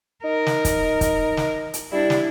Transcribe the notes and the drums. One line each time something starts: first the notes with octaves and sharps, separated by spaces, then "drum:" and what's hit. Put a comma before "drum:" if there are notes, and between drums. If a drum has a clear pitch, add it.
D#4 A#4
drum: snare
drum: kick, hi-hat
drum: kick, hi-hat
drum: snare
drum: hi-hat
G3 D4 E4
drum: snare